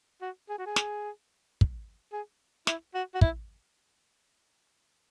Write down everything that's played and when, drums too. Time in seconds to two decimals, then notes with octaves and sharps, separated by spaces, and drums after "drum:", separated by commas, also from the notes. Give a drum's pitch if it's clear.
0.22 F#4
0.49 G#4
0.58 F#4
0.66 G#4
0.76 drum: snare
1.61 drum: kick
2.13 G#4
2.67 E4, drum: snare
2.94 F#4
3.14 F#4
3.21 E4, drum: kick